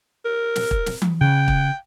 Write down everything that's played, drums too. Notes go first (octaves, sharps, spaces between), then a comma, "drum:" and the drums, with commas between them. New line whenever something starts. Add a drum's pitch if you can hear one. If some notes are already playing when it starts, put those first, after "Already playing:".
A#4
drum: snare
drum: kick
drum: snare
drum: tom E3
C#3 G5
drum: kick